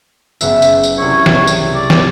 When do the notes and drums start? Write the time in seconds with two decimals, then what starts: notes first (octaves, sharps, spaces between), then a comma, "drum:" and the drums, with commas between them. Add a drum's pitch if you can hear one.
0.41 F#1 B3 E5, drum: tambourine
0.62 drum: tambourine
0.83 drum: tambourine
0.98 C2 E4 C#5 C#6
1.26 drum: snare
1.47 drum: tambourine
1.75 D5
1.90 drum: snare